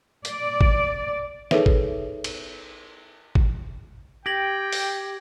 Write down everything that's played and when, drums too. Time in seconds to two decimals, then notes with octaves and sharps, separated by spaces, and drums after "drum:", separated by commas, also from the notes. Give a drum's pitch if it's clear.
0.25 D5, drum: hi-hat
0.61 drum: kick G#1
1.51 D#4 G#4 A4 B4 C#5 E5, drum: snare
1.66 drum: kick G#1
2.24 drum: cymbal
3.35 drum: kick G#1
4.26 G4 G5 G#6 A#6 F#7
4.72 drum: open hi-hat